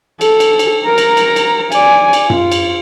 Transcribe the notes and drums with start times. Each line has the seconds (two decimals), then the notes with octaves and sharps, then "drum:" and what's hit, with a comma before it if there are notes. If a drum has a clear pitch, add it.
0.21 A4, drum: cymbal
0.40 drum: cymbal
0.59 drum: cymbal
0.85 A#4 A#5
0.98 drum: cymbal
1.17 drum: cymbal
1.36 drum: cymbal
1.72 D5 G#5, drum: cymbal
2.13 drum: cymbal
2.30 F4, drum: tom F#2
2.52 drum: cymbal